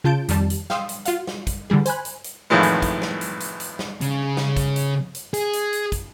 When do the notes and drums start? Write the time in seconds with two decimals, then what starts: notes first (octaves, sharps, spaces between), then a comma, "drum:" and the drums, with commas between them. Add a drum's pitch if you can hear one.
0.04 C#3 F4 A5 G6 D7
0.29 F2 D#3 G3 A5, drum: hi-hat
0.50 drum: hi-hat
0.70 F5 G5 C6 D#6 E6, drum: snare
0.89 drum: hi-hat
1.05 F4 F#4 F5 F#5, drum: hi-hat
1.27 drum: snare
1.47 drum: kick, hi-hat
1.70 D3 E3 G3 G#4
1.86 C5 G#5 B5 F#6, drum: hi-hat
2.05 drum: hi-hat
2.24 drum: hi-hat
2.50 G#1 F2 A2 D#3 E3 G#3
2.63 drum: hi-hat
2.82 drum: kick, hi-hat
3.02 drum: snare
3.21 drum: hi-hat
3.40 drum: hi-hat
3.60 drum: hi-hat
3.79 drum: snare
4.01 C#3, drum: hi-hat
4.37 drum: snare
4.57 drum: kick, hi-hat
4.76 drum: hi-hat
5.15 drum: hi-hat
5.34 G#4, drum: hi-hat
5.53 drum: hi-hat
5.73 drum: hi-hat
5.92 drum: kick, hi-hat